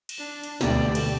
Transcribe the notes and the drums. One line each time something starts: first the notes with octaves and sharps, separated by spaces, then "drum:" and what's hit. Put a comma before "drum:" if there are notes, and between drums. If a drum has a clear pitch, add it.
drum: cymbal
D4
drum: cymbal
D2 B2 A3 G4 D5, drum: snare
drum: cymbal